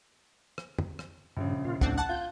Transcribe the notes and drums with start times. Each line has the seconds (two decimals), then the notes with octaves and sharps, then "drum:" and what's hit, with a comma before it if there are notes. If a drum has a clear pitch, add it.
0.58 drum: rim click
0.79 drum: tom
0.99 drum: rim click
1.37 A#1 G2 C#3
1.65 A#2 F4
1.81 D2 A2 C4 D4 F#5, drum: kick
1.98 F#5 A5 F#6
2.09 F4 G6